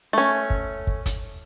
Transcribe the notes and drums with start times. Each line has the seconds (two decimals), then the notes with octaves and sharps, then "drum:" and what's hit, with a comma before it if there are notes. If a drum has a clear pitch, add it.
0.13 A3 C#4
0.50 drum: kick
0.87 drum: kick
1.06 drum: kick, hi-hat